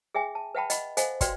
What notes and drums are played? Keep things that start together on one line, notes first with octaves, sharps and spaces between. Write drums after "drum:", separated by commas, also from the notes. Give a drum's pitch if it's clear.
G#4 E5 G5 G#5
A5
B4 E5 F#5 G5 A5 B5
D#5 F#5 B5, drum: hi-hat
A4 C5 D#5 F5 F#5 G#5, drum: hi-hat
F#4 B4 D5 F5 G5 C6, drum: kick, hi-hat